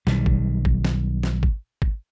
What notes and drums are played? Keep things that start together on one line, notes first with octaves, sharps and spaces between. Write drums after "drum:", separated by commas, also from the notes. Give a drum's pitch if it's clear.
B1 D#3 G3, drum: snare
drum: kick G#1
drum: kick G#1
drum: snare
drum: snare
drum: kick G#1
drum: kick G#1